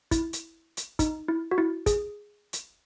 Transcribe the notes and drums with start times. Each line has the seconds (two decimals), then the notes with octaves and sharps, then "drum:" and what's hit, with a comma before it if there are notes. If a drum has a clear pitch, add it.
0.11 E4, drum: kick, hi-hat
0.33 drum: hi-hat
0.77 drum: hi-hat
0.99 D#4, drum: kick, hi-hat
1.28 E4
1.51 F#4
1.58 E4
1.86 G#4, drum: kick, hi-hat
2.53 drum: hi-hat